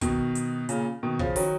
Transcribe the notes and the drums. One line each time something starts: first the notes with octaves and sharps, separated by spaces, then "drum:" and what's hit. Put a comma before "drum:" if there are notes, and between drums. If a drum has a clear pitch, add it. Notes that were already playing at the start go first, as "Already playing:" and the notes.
B2 D#3, drum: kick, hi-hat
drum: hi-hat
A#2 C#3, drum: hi-hat
B2 D#3
C#3 F3, drum: kick
D#3 F#3, drum: open hi-hat